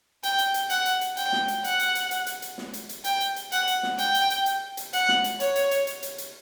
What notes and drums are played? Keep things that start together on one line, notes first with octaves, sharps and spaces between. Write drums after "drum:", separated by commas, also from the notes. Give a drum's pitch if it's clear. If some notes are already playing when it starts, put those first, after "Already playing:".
G5, drum: hi-hat
drum: hi-hat
drum: hi-hat
F#5, drum: hi-hat
drum: hi-hat
drum: hi-hat
G5, drum: hi-hat
drum: snare
drum: hi-hat
F#5, drum: hi-hat
drum: hi-hat
drum: hi-hat
drum: hi-hat
drum: hi-hat
drum: hi-hat
drum: snare
drum: hi-hat
drum: hi-hat
G5, drum: hi-hat
drum: hi-hat
drum: hi-hat
F#5, drum: hi-hat
drum: hi-hat
drum: snare
G5, drum: hi-hat
drum: hi-hat
drum: hi-hat
drum: hi-hat
drum: hi-hat
F#5, drum: hi-hat
drum: snare
drum: hi-hat
C#5, drum: hi-hat
drum: hi-hat
drum: hi-hat
drum: hi-hat
drum: hi-hat
drum: hi-hat